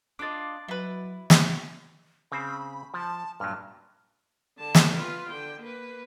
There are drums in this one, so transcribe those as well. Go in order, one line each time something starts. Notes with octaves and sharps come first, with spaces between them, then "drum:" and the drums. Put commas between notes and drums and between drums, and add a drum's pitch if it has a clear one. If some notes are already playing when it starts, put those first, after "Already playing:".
D4 F4 D#5 D6 A6
B2 F#3 E4 B4
drum: snare
C#3 C4 C5 B5
F3 A5
G2 A#2 F#3 F6
D3 A5
drum: snare
F4 B4
D3 G5
A#3 B4